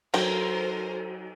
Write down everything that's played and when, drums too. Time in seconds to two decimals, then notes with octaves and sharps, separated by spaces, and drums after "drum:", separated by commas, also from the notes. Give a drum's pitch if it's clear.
0.14 F#3 D4 A4 A#4 C5 G5, drum: cymbal